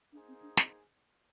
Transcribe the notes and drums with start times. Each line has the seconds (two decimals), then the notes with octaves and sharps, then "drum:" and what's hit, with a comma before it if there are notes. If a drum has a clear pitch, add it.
0.12 A#3 D4 D#4 G#4 C5
0.28 C4
0.42 D4
0.57 C4, drum: snare